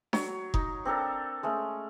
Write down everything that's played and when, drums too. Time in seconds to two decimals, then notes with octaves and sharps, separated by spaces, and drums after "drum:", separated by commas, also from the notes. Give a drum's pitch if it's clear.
0.13 F#3 C#5, drum: snare D4
0.54 D#4, drum: kick F1
0.85 C4 D4 A4 A#4
1.43 G#3 A3 C#4